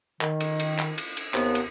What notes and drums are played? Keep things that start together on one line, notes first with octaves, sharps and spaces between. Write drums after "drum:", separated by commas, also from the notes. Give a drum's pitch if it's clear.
D#3, drum: clap
drum: cymbal
drum: cymbal
drum: clap
drum: cymbal
drum: cymbal
D#2 C3 B3, drum: clap
drum: cymbal